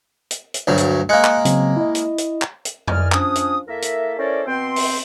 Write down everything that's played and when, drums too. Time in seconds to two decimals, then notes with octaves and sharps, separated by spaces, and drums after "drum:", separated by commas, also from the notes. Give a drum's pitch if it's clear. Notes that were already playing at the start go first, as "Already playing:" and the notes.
0.31 drum: hi-hat
0.54 drum: hi-hat
0.67 D2 G2 F#3
0.77 drum: hi-hat
1.09 G#3 A#3 F#6 C#7
1.24 drum: clap
1.45 C#3 F#3 C4, drum: hi-hat
1.77 E4 D#5
1.95 drum: hi-hat
2.18 drum: hi-hat
2.42 drum: clap
2.65 drum: hi-hat
2.88 C2 E3 D5 D#5 G#5 F6, drum: tom F2
3.12 F3 C#4 D4 D#6, drum: clap
3.35 drum: hi-hat
3.68 A#3 E4 A4 A#4 E5
3.82 drum: hi-hat
4.18 C#4 E4 A4 A#4 C5 D5
4.47 B2 C4 G5 C6
4.76 drum: open hi-hat